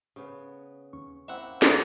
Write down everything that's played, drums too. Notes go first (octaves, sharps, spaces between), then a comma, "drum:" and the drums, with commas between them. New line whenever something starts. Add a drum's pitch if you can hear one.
C#3 B3
D#2 C#4 C#6
A#3 C4 E4 E5 F#5
drum: snare